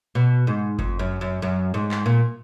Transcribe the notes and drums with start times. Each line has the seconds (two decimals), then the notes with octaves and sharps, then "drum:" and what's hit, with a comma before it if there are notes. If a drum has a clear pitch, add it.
0.15 B2
0.47 G#2
0.79 F2, drum: kick G1
0.99 F#2
1.21 F#2
1.42 F#2
1.74 G#2
1.91 drum: clap
2.06 A#2